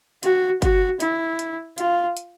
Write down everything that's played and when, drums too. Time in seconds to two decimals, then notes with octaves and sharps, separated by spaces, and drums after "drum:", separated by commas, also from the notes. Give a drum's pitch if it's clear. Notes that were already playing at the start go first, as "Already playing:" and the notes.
0.23 F#4, drum: hi-hat
0.62 F#4, drum: kick G1, hi-hat
1.00 E4, drum: hi-hat
1.39 drum: hi-hat
1.78 F4, drum: hi-hat
2.17 drum: hi-hat